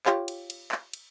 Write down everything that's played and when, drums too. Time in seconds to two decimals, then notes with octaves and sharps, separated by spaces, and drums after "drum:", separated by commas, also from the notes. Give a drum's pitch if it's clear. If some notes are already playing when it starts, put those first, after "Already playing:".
0.06 F4 G4 C#5, drum: clap
0.28 drum: cymbal
0.50 drum: cymbal
0.72 drum: clap
0.93 drum: cymbal